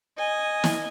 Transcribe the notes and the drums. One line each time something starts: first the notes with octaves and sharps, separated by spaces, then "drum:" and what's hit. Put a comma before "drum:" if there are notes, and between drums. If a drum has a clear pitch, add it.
D#5 G#5
drum: snare